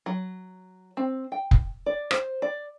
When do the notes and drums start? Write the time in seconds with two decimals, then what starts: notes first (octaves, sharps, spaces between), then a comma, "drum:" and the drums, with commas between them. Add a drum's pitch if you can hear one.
0.06 F#3
0.97 C4
1.32 G5
1.51 drum: kick F1
1.86 D5
2.11 C5, drum: rim click
2.42 D5